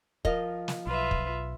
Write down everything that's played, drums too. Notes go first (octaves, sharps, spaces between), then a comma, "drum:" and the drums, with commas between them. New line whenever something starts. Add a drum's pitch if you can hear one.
F3 A#4 D#5, drum: kick
drum: snare
B1 F4 B4 E5
drum: kick